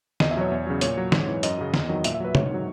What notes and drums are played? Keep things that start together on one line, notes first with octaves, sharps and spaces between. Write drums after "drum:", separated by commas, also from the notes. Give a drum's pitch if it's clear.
E2 D#5, drum: snare
E5
B2 F#3 C#5
E2
C#3 F#3
A#2 C#5, drum: hi-hat
F#3
G#2, drum: snare
E3
F#2 D#5, drum: hi-hat
C#3 F#3
E2, drum: snare
D#3 F#3
A#2 E5, drum: hi-hat
E5
F#3 B4
G#2 C#5, drum: tom C3
D#3 F#3